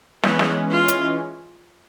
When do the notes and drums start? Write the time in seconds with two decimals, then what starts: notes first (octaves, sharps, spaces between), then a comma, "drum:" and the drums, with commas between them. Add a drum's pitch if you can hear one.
0.23 E3 G#3 B3 C#4, drum: snare
0.39 drum: snare
0.70 F4
0.88 drum: hi-hat